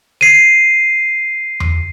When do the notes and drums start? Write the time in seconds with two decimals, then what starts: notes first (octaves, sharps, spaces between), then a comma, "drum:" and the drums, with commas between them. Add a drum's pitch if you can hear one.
0.21 C7 D#7
1.60 drum: tom E2